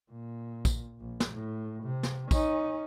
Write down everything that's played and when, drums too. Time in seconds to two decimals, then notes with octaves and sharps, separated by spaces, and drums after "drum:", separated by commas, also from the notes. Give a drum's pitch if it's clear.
0.11 A#2
0.65 drum: kick, tambourine
1.00 A#1
1.20 drum: snare
1.33 A2
1.84 C3
2.03 drum: snare
2.31 C#4 D#4, drum: kick, tambourine